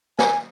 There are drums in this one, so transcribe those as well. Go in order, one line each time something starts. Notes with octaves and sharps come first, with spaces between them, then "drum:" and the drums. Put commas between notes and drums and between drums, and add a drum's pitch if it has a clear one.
G#5, drum: snare